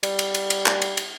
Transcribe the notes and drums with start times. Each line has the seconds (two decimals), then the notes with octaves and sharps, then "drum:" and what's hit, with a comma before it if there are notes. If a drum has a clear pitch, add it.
0.03 G3, drum: cymbal
0.19 drum: cymbal
0.34 drum: cymbal
0.50 drum: cymbal
0.66 drum: clap
0.82 drum: cymbal
0.97 drum: cymbal